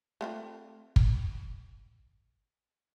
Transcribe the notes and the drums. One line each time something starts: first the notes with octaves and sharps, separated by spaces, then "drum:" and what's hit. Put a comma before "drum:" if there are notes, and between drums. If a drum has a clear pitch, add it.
A3 C4 F4
drum: kick